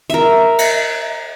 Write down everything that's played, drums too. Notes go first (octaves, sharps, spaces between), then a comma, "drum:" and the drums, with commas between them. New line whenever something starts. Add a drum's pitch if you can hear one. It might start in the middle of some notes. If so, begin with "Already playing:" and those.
A#4 E5, drum: hi-hat
drum: cymbal